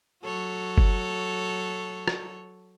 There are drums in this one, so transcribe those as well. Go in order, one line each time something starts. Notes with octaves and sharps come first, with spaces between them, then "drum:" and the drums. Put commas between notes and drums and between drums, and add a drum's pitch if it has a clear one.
F#3 A4 C#5
drum: kick F#1
drum: rim click